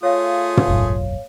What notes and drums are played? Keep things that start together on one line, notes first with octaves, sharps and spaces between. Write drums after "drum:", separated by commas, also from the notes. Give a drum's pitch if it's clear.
A3 F4 G#4 C#5 F5 D#6
drum: tom
E1 B1 F#2